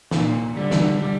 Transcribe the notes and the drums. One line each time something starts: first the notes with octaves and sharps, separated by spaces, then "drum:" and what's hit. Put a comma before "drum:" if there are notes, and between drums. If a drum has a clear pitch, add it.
A#2, drum: snare
D3 G3
drum: snare
G3